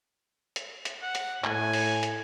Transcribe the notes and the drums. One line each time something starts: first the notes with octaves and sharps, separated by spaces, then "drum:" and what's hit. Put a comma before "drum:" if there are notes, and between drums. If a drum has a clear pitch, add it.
drum: hi-hat
drum: hi-hat
F#5
drum: hi-hat
A2 G#5, drum: clap
drum: open hi-hat
drum: hi-hat